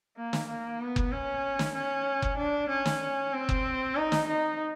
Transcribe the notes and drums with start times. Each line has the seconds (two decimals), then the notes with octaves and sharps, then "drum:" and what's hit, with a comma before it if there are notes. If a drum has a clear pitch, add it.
0.17 A#3
0.33 drum: snare
0.48 A#3
0.80 B3
0.96 drum: kick F#1
1.11 C#4
1.59 drum: snare
1.75 C#4
2.22 drum: kick F#1
2.38 D4
2.69 C#4
2.85 drum: snare
3.33 C4
3.49 drum: kick F#1
3.96 D#4
4.12 drum: snare
4.27 D#4